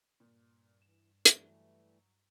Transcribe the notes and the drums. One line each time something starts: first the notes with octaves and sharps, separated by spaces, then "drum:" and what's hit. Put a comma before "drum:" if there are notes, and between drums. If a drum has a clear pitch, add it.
G2 A#2
E3 E7
E3 F#3 G3 A3, drum: hi-hat